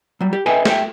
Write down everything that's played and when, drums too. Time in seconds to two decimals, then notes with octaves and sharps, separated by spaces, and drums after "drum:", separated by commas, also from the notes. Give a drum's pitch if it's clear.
0.21 F#3 G3
0.33 G4
0.46 A4 B4 D#5 E5 G5 G#5
0.65 G4 A4 C5 E5 G5, drum: snare